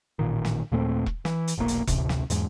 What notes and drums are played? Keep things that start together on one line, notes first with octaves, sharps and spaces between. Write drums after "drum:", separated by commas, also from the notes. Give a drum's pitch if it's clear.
A1 A#2 D#3
drum: snare
D#2 A#2 A3 C4
drum: kick E1
E3, drum: snare
drum: hi-hat
F1 B1 A#2 A#3
drum: hi-hat
A1 D2 C3, drum: kick E1, hi-hat
drum: snare
E2 G#2 G#3, drum: hi-hat